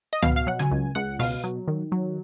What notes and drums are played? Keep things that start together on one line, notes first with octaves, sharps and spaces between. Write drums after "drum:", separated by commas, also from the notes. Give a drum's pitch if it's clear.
D#5
B2 F5, drum: tom C#2
F5
F#3 F#5
G#5, drum: tom C#3
C#2
C#2 F#5
B2 F5, drum: open hi-hat
F#3
D#3
F#3